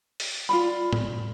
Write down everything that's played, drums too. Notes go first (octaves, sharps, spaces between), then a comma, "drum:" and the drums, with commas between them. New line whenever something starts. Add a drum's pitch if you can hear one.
drum: open hi-hat
F4 D5 B5
drum: tom A2